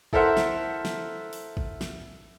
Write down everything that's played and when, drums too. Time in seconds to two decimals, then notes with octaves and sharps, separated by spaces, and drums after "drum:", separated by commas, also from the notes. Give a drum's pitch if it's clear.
0.13 E4 A4 A#4 C5 E5 F#5, drum: kick
0.37 drum: snare
0.85 drum: snare
1.33 drum: open hi-hat
1.57 drum: kick
1.81 drum: snare